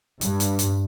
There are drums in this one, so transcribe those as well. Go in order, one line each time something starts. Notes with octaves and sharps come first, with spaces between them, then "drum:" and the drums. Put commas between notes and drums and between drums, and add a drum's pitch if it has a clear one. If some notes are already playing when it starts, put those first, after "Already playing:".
G2, drum: hi-hat
drum: hi-hat
drum: hi-hat